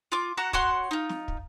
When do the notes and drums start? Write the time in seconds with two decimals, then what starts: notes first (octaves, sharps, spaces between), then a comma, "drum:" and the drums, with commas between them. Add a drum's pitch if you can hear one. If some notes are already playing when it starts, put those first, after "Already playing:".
0.12 F4 D6
0.37 F#4 F#5 A#5
0.53 F#4 C#5 F#5 C6, drum: kick
0.91 D#4 F4
1.09 drum: snare
1.28 drum: kick